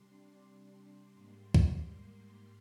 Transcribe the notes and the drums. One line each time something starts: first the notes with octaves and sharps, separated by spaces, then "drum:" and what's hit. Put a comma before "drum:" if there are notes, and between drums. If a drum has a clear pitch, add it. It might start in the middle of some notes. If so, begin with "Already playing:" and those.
Already playing: C3 G3 D4 C6
C6
G#2 G3 A#3
drum: kick
C6